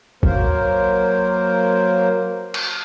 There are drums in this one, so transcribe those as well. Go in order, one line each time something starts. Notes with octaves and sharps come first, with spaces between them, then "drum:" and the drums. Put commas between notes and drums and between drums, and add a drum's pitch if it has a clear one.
F#3 A#3 A#4 C5, drum: kick
drum: cymbal